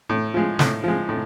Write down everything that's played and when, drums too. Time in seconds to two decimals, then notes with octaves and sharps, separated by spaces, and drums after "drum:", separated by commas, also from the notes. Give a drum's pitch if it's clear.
0.09 A2
0.34 F3 G#3
0.59 A2, drum: snare
0.84 F3 G#3
1.09 A2